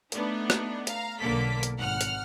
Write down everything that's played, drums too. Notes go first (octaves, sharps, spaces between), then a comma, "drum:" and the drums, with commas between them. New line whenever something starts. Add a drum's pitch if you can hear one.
A3 B3 D4 D#4, drum: hi-hat
drum: rim click
F5 A#5, drum: hi-hat
B1 D3 A#3 A4 D6 B6
drum: hi-hat
G#1 F#5 F6
drum: hi-hat